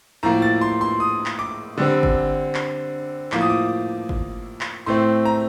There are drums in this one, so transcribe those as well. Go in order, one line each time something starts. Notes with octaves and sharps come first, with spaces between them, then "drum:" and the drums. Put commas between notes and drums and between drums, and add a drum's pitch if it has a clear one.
A2 F3 A#3 A#5
A6
C6
C6
D#6
drum: clap
D6
D3 G3 C4
drum: kick
drum: clap
A2 F3 A#3 D6, drum: clap
D#6
D6
drum: kick
drum: clap
A2 A3 C4 C6
A#5